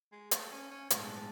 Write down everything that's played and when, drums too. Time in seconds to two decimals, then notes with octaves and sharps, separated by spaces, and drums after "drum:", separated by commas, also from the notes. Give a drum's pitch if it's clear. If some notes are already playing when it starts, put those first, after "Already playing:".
0.12 G#3
0.31 A3, drum: hi-hat
0.52 C#4
0.71 C#4
0.90 A2 G#3 B3 D4, drum: hi-hat